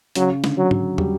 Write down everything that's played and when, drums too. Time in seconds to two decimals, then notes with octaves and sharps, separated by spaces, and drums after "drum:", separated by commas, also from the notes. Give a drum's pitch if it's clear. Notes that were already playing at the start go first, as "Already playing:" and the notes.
0.15 C#3 F#3, drum: hi-hat
0.44 D3, drum: snare
0.57 F#3
0.71 F#3, drum: tom G#2
0.98 G3, drum: tom